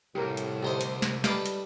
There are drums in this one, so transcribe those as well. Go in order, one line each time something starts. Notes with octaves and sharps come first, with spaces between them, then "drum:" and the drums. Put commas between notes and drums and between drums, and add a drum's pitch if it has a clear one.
C2 A2 G4 A#4
drum: hi-hat
D2 D#4 G4 C5
drum: hi-hat
drum: snare
G3 D#4 A4 B4 F5 D6, drum: snare
drum: hi-hat